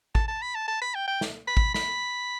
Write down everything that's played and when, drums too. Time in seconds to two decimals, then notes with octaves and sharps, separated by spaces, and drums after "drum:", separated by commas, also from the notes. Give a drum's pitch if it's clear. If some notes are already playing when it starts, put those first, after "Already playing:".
0.15 A5, drum: kick G#1
0.28 A5
0.42 B5
0.55 A5
0.68 A5
0.82 B5
0.95 G5
1.08 G5
1.21 drum: snare
1.48 B5
1.57 drum: kick G#1
1.74 B5, drum: snare